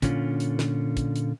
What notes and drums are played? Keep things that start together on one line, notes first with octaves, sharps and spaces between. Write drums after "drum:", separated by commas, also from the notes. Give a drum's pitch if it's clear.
A#2 D3 C#4 F4, drum: kick, hi-hat
drum: hi-hat
drum: snare
drum: kick, hi-hat
drum: hi-hat